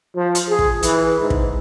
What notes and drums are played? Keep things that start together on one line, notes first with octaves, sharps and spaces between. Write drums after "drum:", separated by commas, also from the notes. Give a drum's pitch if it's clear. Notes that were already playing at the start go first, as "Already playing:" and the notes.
F3
drum: hi-hat
G#4
drum: kick
E3, drum: hi-hat
G#2
drum: kick